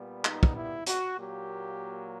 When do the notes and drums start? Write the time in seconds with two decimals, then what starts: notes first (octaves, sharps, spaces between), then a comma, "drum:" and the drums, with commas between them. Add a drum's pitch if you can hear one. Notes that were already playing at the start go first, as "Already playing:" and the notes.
Already playing: A#2 G3 B3
0.25 D#4, drum: clap
0.43 drum: kick
0.55 E4
0.87 F#4, drum: hi-hat
1.17 A#2 F#3 A#3 G4